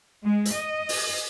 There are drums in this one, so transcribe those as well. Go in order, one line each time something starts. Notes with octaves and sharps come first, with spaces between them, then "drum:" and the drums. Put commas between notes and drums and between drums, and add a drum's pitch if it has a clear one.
G#3
drum: hi-hat
D#5
drum: open hi-hat